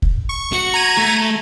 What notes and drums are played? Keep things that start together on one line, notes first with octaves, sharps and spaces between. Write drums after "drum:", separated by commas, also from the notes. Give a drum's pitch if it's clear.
drum: kick
C#6
F#4 C#7
A#5 G#6 D#7
A3